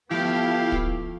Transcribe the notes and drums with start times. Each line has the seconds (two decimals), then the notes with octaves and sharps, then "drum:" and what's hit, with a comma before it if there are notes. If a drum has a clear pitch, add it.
0.10 F3 A3 B3 E4 G4 F5 G5
0.72 drum: kick